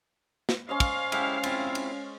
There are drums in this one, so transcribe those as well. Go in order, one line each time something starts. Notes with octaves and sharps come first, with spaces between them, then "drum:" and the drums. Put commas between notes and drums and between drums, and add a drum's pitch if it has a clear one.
drum: snare
C#4 C5 D#5 F5
drum: kick, cymbal
G#3 C#4 E4 G4, drum: cymbal
C4 E4 F4, drum: cymbal
drum: cymbal